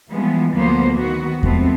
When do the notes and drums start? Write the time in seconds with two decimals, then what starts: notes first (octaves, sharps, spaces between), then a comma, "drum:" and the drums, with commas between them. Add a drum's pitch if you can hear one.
0.11 E3 F3 G3 G#3 B3
0.54 D2 F3 F#3 A#3 B3 C5
0.97 D#3 B3 F#4
1.43 F3 G#3 A3 B3 C4, drum: kick E2